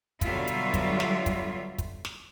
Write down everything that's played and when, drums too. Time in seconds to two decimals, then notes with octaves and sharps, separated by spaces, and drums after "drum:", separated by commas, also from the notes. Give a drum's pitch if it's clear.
0.21 B2 D3 F#3 G3 F4 E5, drum: kick, hi-hat
0.47 drum: hi-hat
0.74 drum: kick, hi-hat
1.00 drum: snare
1.26 drum: kick, hi-hat
1.78 drum: kick, hi-hat
2.05 drum: snare